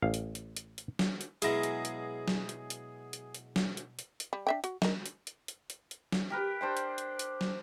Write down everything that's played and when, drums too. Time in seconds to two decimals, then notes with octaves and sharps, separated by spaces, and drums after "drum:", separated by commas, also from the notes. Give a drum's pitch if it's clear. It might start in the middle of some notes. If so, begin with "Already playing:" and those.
0.02 A1 F5
0.14 drum: hi-hat
0.35 drum: hi-hat
0.57 drum: hi-hat
0.78 drum: hi-hat
0.99 drum: snare
1.21 drum: hi-hat
1.42 B2 F#3 G#3 E4 G#4 F5 A#6, drum: hi-hat
1.63 drum: hi-hat
1.85 drum: hi-hat
2.28 drum: snare
2.49 drum: hi-hat
2.70 drum: hi-hat
3.13 drum: hi-hat
3.35 drum: hi-hat
3.56 drum: snare
3.77 drum: hi-hat
3.99 drum: hi-hat
4.20 drum: hi-hat
4.33 G3
4.47 D4 E5 G5
4.64 F#4, drum: hi-hat
4.82 D#4 A#4, drum: snare
5.06 drum: hi-hat
5.27 drum: hi-hat
5.48 drum: hi-hat
5.70 drum: hi-hat
5.91 drum: hi-hat
6.12 drum: snare
6.30 G4 A#4 B4
6.61 D4 C5 G5
6.77 drum: hi-hat
6.98 drum: hi-hat
7.19 drum: hi-hat
7.41 drum: snare